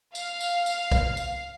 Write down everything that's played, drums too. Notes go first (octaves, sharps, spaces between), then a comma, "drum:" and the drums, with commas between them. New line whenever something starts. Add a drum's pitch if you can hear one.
F5, drum: tambourine
drum: tambourine
drum: tambourine
drum: kick B1, tambourine
drum: tambourine